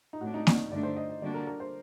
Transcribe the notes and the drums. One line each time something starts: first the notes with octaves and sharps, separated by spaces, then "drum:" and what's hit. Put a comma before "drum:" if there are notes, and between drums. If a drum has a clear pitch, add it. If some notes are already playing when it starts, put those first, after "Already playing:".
D#4
A2 A3 D4 F#4
D#4
D5, drum: snare A#3
G2 D3 A3 D4 D5
C5
D#5
D#5
D3 G3 A#3 D4 F#4 D5
A#4
A#4
C5